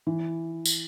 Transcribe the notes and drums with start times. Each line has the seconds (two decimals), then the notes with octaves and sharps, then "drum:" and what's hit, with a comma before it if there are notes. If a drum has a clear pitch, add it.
0.07 E3
0.66 drum: tambourine